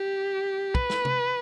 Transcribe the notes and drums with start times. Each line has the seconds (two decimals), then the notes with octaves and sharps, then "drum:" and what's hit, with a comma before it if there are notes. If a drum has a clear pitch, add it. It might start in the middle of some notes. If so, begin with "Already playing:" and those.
Already playing: G4
0.75 B4, drum: kick
0.90 drum: snare
1.05 drum: tom C3